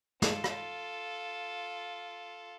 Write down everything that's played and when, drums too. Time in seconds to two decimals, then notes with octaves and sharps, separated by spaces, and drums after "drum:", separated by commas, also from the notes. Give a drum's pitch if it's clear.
0.22 F4 A4, drum: snare
0.44 drum: rim click